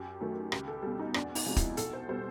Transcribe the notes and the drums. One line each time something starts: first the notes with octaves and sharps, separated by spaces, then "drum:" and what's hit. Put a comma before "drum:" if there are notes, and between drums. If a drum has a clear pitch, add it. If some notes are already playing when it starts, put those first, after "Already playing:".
Already playing: F#2 G4
D#3 F#3 A3
C#2 G4, drum: rim click
A4
B2 G3 A4
D#4
E2 D4, drum: rim click
D#4, drum: open hi-hat
C3 F3 G#3
E4, drum: kick, hi-hat
B1 A4, drum: hi-hat
C5
B2 G3 C5